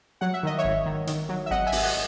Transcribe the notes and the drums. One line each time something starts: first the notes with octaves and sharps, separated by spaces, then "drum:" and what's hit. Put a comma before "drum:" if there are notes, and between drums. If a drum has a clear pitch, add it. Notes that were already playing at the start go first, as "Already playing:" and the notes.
F#3 F#5
E5
D#3 D#5
C#5 E5
G#1
D#3
D#3, drum: hi-hat
F#3
E5
G#1 D#5 F#5
E5 G#5
G#1, drum: open hi-hat
D#5 F#5